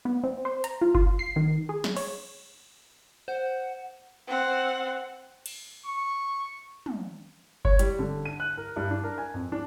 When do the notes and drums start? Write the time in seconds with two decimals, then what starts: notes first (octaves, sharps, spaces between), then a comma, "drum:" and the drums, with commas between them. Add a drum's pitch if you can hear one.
0.05 B3
0.24 C4
0.45 C5
0.64 A#5, drum: hi-hat
0.81 F4
0.95 F4, drum: kick F#1
1.19 C7
1.36 D#3
1.69 G#4
1.84 drum: snare
1.97 C#5, drum: cymbal
3.28 C5 F#5
4.27 C4 F#5
5.46 drum: cymbal
5.86 C#6
6.86 drum: tom
7.65 C#5, drum: kick F#1
7.79 G3, drum: hi-hat
7.99 D3
8.25 D#7
8.40 F#6
8.57 A#4
8.76 G2
8.91 D4
9.04 A#4
9.18 G#5
9.34 F2
9.52 D4